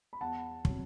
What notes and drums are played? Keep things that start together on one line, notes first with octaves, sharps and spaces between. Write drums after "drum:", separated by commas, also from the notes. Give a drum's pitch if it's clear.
B5
E2 F#5 A5
C3 F#3, drum: kick